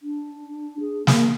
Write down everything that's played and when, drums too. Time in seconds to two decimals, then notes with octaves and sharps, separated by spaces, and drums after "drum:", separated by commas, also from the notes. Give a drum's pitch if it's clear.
0.03 D4
0.80 G#4
1.07 A#3, drum: snare